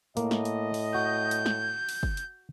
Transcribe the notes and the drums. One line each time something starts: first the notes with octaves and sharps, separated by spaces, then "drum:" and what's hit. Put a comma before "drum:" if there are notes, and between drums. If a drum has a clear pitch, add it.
A2 A#3 D#5, drum: hi-hat
drum: snare
drum: hi-hat
drum: open hi-hat
F#4 G6
drum: hi-hat
drum: snare
drum: open hi-hat
drum: kick
drum: hi-hat